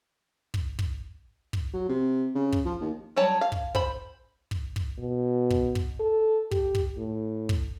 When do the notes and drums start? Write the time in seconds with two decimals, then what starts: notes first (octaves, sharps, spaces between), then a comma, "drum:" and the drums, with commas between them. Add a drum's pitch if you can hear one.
0.54 drum: kick
0.79 drum: kick
1.53 drum: kick
1.73 F#3
1.89 C3
2.35 C#3
2.52 drum: kick
2.65 F3
2.81 D#2
3.16 F#3 G3 C#5 A5
3.41 F5
3.52 drum: kick
3.75 C5 B5, drum: kick
4.51 drum: kick
4.76 drum: kick
4.98 B2
5.50 drum: kick
5.75 drum: kick
6.00 A4
6.51 G4, drum: kick
6.75 drum: kick
6.97 A2
7.49 drum: kick